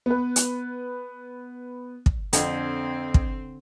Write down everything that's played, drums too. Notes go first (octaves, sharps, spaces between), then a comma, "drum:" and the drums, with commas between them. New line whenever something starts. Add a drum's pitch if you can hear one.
B3 B4
drum: hi-hat
drum: kick
F2 D3 C4, drum: hi-hat
drum: kick